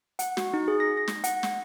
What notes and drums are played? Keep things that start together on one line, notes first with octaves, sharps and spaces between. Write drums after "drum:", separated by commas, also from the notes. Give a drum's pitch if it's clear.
F#5, drum: hi-hat
F#4, drum: snare
D#4
G#4
A#6
A#6
drum: snare
F#5, drum: hi-hat
drum: snare